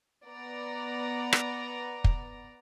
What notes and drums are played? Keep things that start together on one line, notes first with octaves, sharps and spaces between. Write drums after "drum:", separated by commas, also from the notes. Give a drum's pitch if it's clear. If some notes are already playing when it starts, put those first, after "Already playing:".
B3 D5 A#5
drum: rim click
drum: kick